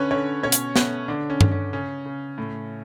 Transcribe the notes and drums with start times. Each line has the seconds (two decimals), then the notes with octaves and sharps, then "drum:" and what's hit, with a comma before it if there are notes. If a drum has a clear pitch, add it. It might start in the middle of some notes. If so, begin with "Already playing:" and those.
Already playing: D3 C#4 B4 C#5
0.11 D3 C#4 C#5
0.43 B2 C#4 C#5
0.52 drum: hi-hat
0.76 A3 B3 B4, drum: snare
1.08 D3 D4
1.30 C#4
1.41 D3, drum: tom G2
1.51 C#4
1.73 C#3 C#4
2.06 C#3
2.38 A2